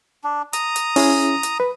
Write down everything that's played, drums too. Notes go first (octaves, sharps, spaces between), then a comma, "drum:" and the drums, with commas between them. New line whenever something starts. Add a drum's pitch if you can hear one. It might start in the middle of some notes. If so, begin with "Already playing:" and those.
D4
A#5 D#6, drum: hi-hat
drum: hi-hat
C#4 E4 G#4, drum: open hi-hat
drum: hi-hat
B4